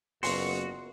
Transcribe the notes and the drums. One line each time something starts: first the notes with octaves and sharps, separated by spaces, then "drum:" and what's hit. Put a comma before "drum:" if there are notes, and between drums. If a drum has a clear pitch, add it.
F#1 A#3 B3 F4 F#4 C6, drum: open hi-hat